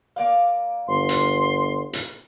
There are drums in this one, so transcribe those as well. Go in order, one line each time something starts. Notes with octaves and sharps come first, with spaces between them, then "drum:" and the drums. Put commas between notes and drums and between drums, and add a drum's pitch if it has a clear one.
A#3 D5 F5
G1 C6
drum: hi-hat
drum: hi-hat